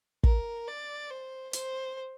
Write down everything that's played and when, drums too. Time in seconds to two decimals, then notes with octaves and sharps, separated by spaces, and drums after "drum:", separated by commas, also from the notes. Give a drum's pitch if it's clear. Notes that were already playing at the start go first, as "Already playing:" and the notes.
0.23 A#4, drum: kick
0.67 D5
1.10 C5
1.53 C5, drum: hi-hat